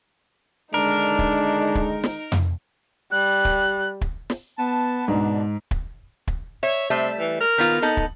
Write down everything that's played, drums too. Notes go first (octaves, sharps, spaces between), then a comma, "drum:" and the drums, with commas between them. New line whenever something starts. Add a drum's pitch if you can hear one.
D3 D#3 G#3 D4 D#4 A#4
drum: kick
drum: kick
drum: snare
drum: tom F2
G3 F#6
drum: kick
drum: kick
drum: snare
B3 A5
G#2 B2 D4
drum: kick
drum: kick
C#5 E5
C3 G3 A3 E5
E3
A#4
D#3 B3 F4
B3 D#4 A4
drum: kick